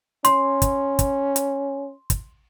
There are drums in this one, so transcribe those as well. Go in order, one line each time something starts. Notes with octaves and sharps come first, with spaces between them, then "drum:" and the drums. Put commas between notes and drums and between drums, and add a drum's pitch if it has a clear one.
C#4 C6, drum: hi-hat
drum: kick, hi-hat
drum: kick, hi-hat
drum: hi-hat
drum: kick, hi-hat